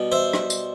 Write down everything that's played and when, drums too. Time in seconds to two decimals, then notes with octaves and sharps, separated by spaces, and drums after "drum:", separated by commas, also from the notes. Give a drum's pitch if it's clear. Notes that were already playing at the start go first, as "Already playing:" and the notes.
Already playing: B2 G3
0.12 C5 E5
0.33 drum: rim click
0.50 drum: tambourine